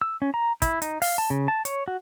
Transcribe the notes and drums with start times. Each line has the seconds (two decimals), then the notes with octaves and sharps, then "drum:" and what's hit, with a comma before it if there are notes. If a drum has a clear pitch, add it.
0.01 E6
0.22 C#4
0.34 A#5
0.62 E4, drum: kick, hi-hat
0.82 D#4, drum: hi-hat
1.02 F5, drum: open hi-hat
1.18 A5
1.30 C#3
1.48 A5
1.65 C#5, drum: hi-hat
1.88 F#4